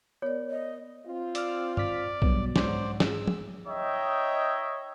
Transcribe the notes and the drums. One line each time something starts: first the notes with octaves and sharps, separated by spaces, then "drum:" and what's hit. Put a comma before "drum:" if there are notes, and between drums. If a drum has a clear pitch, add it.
B3 A#4 C#5 D5
D#5
C4 F4
D5 E6 F6, drum: hi-hat
D5 F6 B6, drum: tom G2
G2 B2 F#3, drum: kick A#1
G#2 F#3 C5 D5, drum: snare
G#4 E6, drum: snare
drum: tom
D#4 C#5 D#5 E5 G5